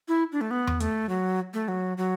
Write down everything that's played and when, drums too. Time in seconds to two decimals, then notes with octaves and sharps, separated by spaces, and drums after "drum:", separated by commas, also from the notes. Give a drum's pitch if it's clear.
0.08 E4
0.32 D4
0.41 A3
0.51 B3
0.67 drum: tom E2
0.80 A3, drum: hi-hat
1.09 F#3
1.54 A3
1.68 F#3
1.97 F#3